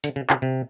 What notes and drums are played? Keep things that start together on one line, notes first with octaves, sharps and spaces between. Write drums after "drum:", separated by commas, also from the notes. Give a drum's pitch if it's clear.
D3, drum: hi-hat
C#3
C#3, drum: clap
C3